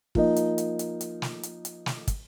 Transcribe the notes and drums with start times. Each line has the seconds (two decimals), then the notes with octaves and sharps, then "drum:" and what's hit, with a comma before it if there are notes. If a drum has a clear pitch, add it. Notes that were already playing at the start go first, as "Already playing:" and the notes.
0.15 F3 A#3 D#4, drum: kick
0.36 drum: hi-hat
0.58 drum: hi-hat
0.79 drum: hi-hat
1.01 drum: hi-hat
1.22 drum: snare
1.43 drum: hi-hat
1.65 drum: hi-hat
1.86 drum: snare
2.08 drum: kick, hi-hat